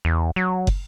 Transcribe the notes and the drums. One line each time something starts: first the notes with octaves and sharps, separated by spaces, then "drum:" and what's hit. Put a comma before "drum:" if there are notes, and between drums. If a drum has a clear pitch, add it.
E2
F#3
drum: kick